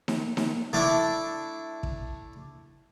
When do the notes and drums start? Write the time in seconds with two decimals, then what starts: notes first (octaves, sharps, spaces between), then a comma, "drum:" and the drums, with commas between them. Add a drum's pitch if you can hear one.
0.08 drum: snare D#4
0.37 drum: snare D#4
0.73 A3 D4 E4
1.83 drum: kick